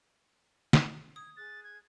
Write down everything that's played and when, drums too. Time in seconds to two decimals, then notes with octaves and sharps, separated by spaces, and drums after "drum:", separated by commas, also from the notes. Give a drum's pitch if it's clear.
0.73 drum: snare
1.16 D#6 G#6
1.37 G#4 F#6 A6
1.64 G#6